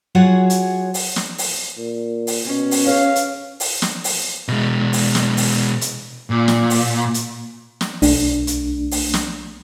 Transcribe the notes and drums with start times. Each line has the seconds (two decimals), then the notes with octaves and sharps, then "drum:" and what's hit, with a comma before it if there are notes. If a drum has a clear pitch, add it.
0.15 F#3 F4 F#4 G#4 C#5 F#5
0.50 drum: hi-hat
0.94 drum: open hi-hat
1.16 drum: snare
1.38 drum: open hi-hat
1.77 A#2
2.27 drum: open hi-hat
2.45 B2 C#4
2.71 drum: open hi-hat
2.87 G#4 B4 C#5 F5
3.16 drum: hi-hat
3.60 drum: open hi-hat
3.82 drum: snare
4.04 drum: open hi-hat
4.48 B2 G#3
4.93 drum: open hi-hat
5.15 drum: snare
5.37 drum: open hi-hat
5.81 drum: hi-hat
6.30 A#2
6.48 drum: snare
6.70 drum: open hi-hat
7.14 drum: hi-hat
7.81 drum: snare
8.02 B1 A3 D4, drum: open hi-hat
8.47 drum: hi-hat
8.91 drum: open hi-hat
9.14 drum: snare